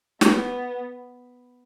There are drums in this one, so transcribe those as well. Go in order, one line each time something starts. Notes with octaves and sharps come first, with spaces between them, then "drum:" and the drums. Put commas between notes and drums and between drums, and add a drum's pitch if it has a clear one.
B3, drum: snare